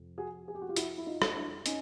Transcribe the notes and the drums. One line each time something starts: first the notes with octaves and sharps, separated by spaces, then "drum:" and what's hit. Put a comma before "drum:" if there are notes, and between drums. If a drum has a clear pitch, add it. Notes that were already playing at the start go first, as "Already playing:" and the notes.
Already playing: F2 C3
F#4 G#4
G#4
G4
F#4
F4 G4
E4 F#4, drum: hi-hat
E4
D#4 F4
drum: rim click
D4 E4
C#4 D#4, drum: hi-hat